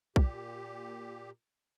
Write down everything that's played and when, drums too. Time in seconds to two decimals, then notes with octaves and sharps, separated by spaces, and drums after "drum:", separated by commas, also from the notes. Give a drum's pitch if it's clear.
0.16 A#2 G4, drum: kick B1